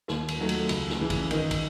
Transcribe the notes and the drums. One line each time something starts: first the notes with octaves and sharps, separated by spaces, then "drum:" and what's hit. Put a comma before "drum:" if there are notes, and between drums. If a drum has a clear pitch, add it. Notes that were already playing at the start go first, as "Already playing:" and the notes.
D#2, drum: snare
drum: cymbal
D#3 F#3 A3
drum: cymbal
C#2, drum: cymbal
drum: snare
C#3 E3
drum: kick, cymbal
D#3, drum: cymbal
drum: kick, cymbal